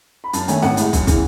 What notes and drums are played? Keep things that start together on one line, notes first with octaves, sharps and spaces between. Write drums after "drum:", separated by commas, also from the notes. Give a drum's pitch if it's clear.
B5
F#2 A5, drum: hi-hat
D#3 A3 C#4 G#5, drum: hi-hat
A1 F#5, drum: snare
A2 G#3, drum: hi-hat
F#2, drum: kick, hi-hat
C#3 E3, drum: kick, hi-hat